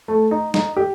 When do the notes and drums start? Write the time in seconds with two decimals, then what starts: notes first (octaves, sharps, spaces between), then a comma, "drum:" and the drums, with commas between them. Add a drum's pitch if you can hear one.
0.08 A3
0.31 D#4
0.54 D#4, drum: snare
0.77 G4